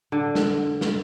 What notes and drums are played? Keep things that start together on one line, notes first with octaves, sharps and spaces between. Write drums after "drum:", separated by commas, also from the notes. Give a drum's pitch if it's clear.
D3
drum: snare
drum: snare